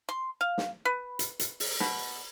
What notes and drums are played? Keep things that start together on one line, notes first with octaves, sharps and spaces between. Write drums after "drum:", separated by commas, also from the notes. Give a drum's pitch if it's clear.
C6
F5
drum: snare
B4
drum: hi-hat
drum: hi-hat
drum: open hi-hat
B2, drum: snare